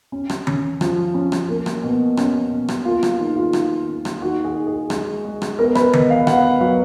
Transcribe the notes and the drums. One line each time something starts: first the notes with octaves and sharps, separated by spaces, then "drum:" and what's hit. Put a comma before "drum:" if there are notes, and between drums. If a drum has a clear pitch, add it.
C#4
drum: rim click
C#4, drum: tom D#3
F3, drum: rim click
C#4
drum: rim click
A#3
drum: rim click
B2
C#4, drum: rim click
B2
drum: rim click
A#3 F4
drum: rim click
D#3 G#4
F4
D#3, drum: rim click
A#3
drum: rim click
D#3 F#4
G#4
D#4
G#4
G#3, drum: rim click
G#3
drum: rim click
B3 A#4
B4, drum: rim click
B3 D#5, drum: tom D#3
F5
B3 F#5, drum: rim click
F#3 F5